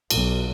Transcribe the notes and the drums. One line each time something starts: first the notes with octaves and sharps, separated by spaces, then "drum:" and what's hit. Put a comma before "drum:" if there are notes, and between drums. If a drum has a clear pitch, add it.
B1, drum: cymbal